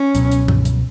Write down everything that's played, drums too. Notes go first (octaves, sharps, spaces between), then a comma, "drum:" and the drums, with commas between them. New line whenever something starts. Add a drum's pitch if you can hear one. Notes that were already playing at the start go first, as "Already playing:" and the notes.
Already playing: C#4
C#2 B2 F#3 B3, drum: hi-hat
drum: hi-hat
drum: tom G2
drum: hi-hat